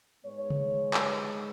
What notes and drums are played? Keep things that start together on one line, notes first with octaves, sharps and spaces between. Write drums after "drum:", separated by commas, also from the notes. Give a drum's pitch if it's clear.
G#2 G#3 B3 C#5
drum: tom C#3
B4, drum: clap